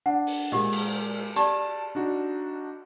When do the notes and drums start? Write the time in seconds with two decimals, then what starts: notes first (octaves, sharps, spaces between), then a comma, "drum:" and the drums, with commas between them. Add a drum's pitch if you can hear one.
0.06 D4 F#5
0.27 drum: open hi-hat
0.52 A#2 G#3 F4 G4 D#5
0.73 drum: cymbal
1.36 G4 D5 A5, drum: hi-hat
1.95 D4 D#4 F#4